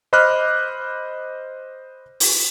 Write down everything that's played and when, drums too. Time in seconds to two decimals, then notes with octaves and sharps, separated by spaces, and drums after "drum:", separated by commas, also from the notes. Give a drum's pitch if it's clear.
0.13 C5 D#5 B5 D6 F6 F#6
2.20 drum: open hi-hat